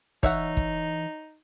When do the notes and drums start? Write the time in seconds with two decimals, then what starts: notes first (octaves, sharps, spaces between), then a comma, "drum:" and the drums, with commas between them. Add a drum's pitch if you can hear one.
0.23 E3 D#4 C#5 E5 F#5, drum: kick
0.57 drum: kick